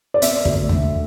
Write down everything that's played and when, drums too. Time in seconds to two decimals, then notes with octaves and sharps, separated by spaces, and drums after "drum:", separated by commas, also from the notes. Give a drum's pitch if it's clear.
0.14 D5
0.22 B3 E5, drum: hi-hat
0.45 D2, drum: kick
0.69 D3, drum: tom D#2